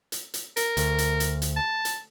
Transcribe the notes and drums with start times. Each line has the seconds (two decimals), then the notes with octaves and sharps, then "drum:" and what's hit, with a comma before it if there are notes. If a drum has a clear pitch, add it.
0.12 drum: hi-hat
0.34 drum: hi-hat
0.57 A#4, drum: hi-hat
0.77 D2, drum: hi-hat
0.98 drum: hi-hat
1.20 drum: hi-hat
1.42 drum: hi-hat
1.56 A5
1.85 drum: hi-hat